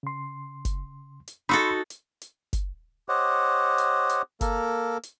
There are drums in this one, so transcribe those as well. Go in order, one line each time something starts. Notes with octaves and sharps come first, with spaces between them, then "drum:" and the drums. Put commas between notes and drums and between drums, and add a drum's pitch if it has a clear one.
C#3 C6
drum: kick F#1, hi-hat
drum: hi-hat
D#4 F#4 A4 B5 C6 E6
drum: hi-hat
drum: hi-hat
drum: kick F#1, hi-hat
G4 C5 C#5 D#5 F#5
drum: hi-hat
drum: hi-hat
A#3 A4 A#4, drum: kick F#1, hi-hat
drum: hi-hat